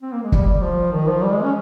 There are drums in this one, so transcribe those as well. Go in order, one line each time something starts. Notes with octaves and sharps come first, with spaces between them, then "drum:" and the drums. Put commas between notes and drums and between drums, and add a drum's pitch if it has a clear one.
C4
A#3
G#3
G3, drum: kick
G3
G3
F3
D#3
F3
G3
G#3
C#4